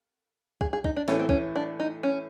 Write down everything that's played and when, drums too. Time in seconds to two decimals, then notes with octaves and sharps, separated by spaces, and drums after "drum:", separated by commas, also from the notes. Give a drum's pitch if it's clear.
0.61 G#4, drum: kick
0.73 G#4
0.84 D#4, drum: kick
0.96 D4
1.08 A2 E3 A3 C#4, drum: snare
1.19 C4
1.29 C#4, drum: kick
1.56 D4
1.80 D#4
2.03 C#4